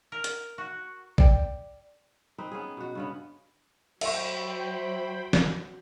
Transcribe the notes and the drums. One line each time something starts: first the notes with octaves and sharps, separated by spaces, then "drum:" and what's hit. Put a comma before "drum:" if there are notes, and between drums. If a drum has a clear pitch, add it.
A#4
drum: hi-hat
F#4
D5 G5, drum: kick A#1
C4 D#4 B4
B3 C#4 G#4
B2 F#4
G2 C#3 B3
F#3 C5 E5 G5 B5 C#6, drum: cymbal
drum: snare